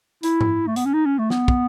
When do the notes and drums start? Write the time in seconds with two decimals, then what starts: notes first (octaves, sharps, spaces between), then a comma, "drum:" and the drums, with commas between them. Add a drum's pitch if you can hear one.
0.23 E4, drum: hi-hat
0.41 drum: tom G#2
0.67 A3
0.76 B3, drum: hi-hat
0.85 C#4
0.94 D#4
1.06 C#4
1.19 A3
1.30 B3, drum: snare
1.48 drum: kick